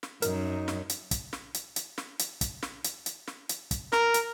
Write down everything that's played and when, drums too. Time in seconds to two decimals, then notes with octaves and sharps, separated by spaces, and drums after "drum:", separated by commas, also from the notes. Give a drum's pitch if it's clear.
0.03 drum: snare
0.22 F#2 D#4 A#4, drum: hi-hat
0.68 drum: snare
0.90 drum: hi-hat
1.11 drum: kick, hi-hat
1.33 drum: snare
1.54 drum: hi-hat
1.76 drum: hi-hat
1.98 drum: snare
2.19 drum: hi-hat
2.41 drum: kick, hi-hat
2.63 drum: snare
2.84 drum: hi-hat
3.06 drum: hi-hat
3.28 drum: snare
3.49 drum: hi-hat
3.71 drum: kick, hi-hat
3.92 A#4, drum: snare
4.14 drum: hi-hat